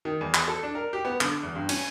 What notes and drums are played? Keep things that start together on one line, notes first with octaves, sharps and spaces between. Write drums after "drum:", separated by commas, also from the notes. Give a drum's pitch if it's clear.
D#3
E2
drum: clap
A4
D4
A#4
G4
B3
D3, drum: clap
E2
G2
C#4, drum: cymbal